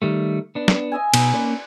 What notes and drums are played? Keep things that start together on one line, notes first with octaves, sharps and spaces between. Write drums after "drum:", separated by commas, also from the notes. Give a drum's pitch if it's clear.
D#3 G3 A3
B3 D4
drum: snare
D#5 E5 G#5
B2 D#4, drum: cymbal
A#3 C#4 B4 D5